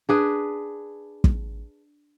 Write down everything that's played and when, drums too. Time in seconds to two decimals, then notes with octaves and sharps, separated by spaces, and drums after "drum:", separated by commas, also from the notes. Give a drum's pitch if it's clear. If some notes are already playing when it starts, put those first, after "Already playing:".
0.09 D4 G#4 B4
1.24 drum: kick